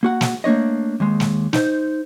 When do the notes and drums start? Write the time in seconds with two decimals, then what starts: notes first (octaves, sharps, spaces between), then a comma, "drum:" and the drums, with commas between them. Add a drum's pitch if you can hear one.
0.03 A#3 F#4 F#5
0.21 drum: snare
0.44 A3 A#3 D4 C#5 D#5
1.00 D#2 G#3
1.20 drum: snare
1.53 D#4 C5, drum: snare